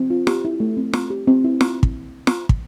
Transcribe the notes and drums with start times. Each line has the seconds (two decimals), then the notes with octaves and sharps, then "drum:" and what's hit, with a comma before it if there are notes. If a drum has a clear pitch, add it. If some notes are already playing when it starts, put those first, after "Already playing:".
Already playing: C4
0.10 F4
0.27 G4, drum: snare
0.45 E4
0.60 A3
0.77 C4
0.93 C4, drum: snare
1.10 G4
1.27 C4
1.44 E4
1.61 drum: snare
1.83 drum: kick
2.27 drum: snare
2.49 drum: kick